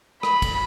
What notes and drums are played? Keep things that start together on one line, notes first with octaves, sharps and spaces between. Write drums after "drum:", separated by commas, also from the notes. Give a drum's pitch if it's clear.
B5, drum: rim click
drum: kick, cymbal